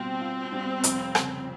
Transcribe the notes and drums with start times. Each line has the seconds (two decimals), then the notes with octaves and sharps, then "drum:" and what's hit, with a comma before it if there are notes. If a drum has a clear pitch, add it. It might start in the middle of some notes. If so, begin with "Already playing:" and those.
Already playing: B2 G3 C4 F4
0.21 F4
0.52 G3
0.84 F1, drum: hi-hat
1.15 C#3, drum: rim click